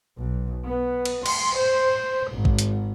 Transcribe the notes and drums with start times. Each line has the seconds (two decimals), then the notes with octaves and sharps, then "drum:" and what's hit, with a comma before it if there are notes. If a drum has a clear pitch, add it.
0.18 B1
0.66 B3
1.05 drum: cymbal
1.26 C6, drum: cymbal
1.58 C5
2.33 G#1
2.45 drum: kick A1
2.59 drum: hi-hat